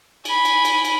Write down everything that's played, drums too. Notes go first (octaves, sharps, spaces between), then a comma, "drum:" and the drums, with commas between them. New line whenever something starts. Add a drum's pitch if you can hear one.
G#5 B5, drum: cymbal
drum: cymbal
drum: cymbal
drum: cymbal